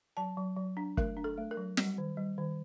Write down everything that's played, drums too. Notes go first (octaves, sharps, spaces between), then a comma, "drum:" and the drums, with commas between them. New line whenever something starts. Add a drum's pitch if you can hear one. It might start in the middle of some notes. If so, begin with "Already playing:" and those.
F#3 A5
F#3
F#3
D4
A3 A#4, drum: kick
D4
A4
A3
A#4
F#3
G3, drum: snare
D#3
G3
D#3